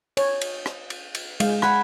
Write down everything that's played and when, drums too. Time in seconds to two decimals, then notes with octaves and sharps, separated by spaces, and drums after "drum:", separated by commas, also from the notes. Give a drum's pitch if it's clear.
0.17 C#5, drum: cymbal
0.41 drum: cymbal
0.66 drum: rim click
0.90 drum: cymbal
1.15 drum: cymbal
1.40 G#3 F5, drum: cymbal
1.62 F#5 G#5 B5, drum: rim click